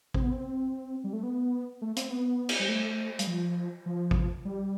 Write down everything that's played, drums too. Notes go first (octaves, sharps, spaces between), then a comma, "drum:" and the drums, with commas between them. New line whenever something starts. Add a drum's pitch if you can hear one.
C4, drum: kick
B3
C4
G3
A3
B3
A3
C4, drum: hi-hat
B3
drum: cymbal
G3
A3
G3, drum: hi-hat
F3
F3
drum: kick
G3